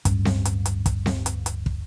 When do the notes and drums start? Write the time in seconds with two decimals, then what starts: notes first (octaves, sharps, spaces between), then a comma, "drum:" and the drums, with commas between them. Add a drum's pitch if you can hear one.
0.05 D1 G2 C#4, drum: kick, hi-hat
0.25 drum: snare C4
0.45 drum: hi-hat
0.66 drum: hi-hat
0.86 drum: kick, hi-hat
1.06 drum: snare C4
1.26 drum: hi-hat
1.46 drum: hi-hat
1.66 drum: kick